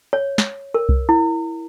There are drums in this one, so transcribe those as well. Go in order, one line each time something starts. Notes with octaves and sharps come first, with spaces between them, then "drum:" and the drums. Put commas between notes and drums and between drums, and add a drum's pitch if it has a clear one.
C#5
drum: snare
A#4
drum: kick C2
E4